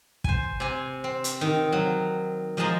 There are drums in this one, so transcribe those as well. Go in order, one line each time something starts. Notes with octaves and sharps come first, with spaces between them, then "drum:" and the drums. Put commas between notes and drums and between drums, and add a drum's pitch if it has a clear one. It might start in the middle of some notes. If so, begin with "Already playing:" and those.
C5 G#5, drum: kick
C3 G#5
C4
drum: hi-hat
D#3
F#3
F3 G#3 D#5 A5 A#5